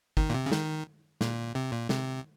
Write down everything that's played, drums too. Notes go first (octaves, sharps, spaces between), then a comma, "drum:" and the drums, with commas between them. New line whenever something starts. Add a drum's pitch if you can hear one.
D#3, drum: kick
A#2
C3
C#3
D#3, drum: snare
A#2, drum: snare
C3
A#2
C3, drum: snare